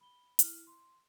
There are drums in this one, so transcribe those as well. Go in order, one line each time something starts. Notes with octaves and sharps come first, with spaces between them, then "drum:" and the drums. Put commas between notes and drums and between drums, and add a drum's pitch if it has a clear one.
B5 G7
E4 F6, drum: hi-hat
C6